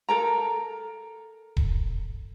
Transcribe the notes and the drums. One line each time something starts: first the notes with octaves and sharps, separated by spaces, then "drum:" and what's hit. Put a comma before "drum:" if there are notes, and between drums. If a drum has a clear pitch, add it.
A4 A#4 A#5
drum: kick D#1